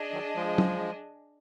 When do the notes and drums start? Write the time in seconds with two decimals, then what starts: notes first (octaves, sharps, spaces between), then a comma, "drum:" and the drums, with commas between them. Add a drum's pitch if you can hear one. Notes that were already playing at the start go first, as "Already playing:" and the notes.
Already playing: D4 G#4 D#5
0.12 D#3 F#3
0.35 F3 G#3
0.58 drum: tom